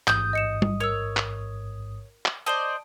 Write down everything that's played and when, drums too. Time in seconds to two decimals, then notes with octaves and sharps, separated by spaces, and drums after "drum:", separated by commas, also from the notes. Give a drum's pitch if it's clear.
0.08 A1 G#2 D#6 G6, drum: clap
0.33 D#5 C#7 E7
0.62 drum: tom G3
0.80 A#4 C#5 E6
1.17 drum: clap
2.26 drum: clap
2.46 C5 D5 D#5 A5 G7